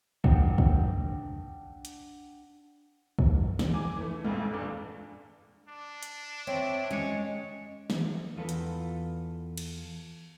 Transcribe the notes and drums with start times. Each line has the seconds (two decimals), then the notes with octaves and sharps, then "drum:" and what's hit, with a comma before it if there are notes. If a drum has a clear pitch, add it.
0.24 D4 F#5 G5, drum: kick
0.58 drum: kick
1.85 drum: hi-hat
3.19 drum: kick
3.59 drum: snare
3.74 G#5 D6
3.97 E3 A3
4.25 A#1 F2 A#2, drum: tom G3
4.52 E2 A#2 D4
5.68 D4
6.03 drum: hi-hat
6.47 C4 C#5 E5 D7
6.91 G#3 C#4 C#5 C#7
7.90 drum: snare
8.36 E2 F4 A4 B4
8.49 drum: hi-hat
9.57 drum: cymbal